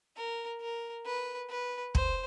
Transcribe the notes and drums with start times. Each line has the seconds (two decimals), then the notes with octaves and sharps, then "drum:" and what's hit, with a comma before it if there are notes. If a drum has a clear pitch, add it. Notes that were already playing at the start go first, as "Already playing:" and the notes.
0.16 A#4
0.61 A#4
1.06 B4
1.50 B4
1.95 C5, drum: kick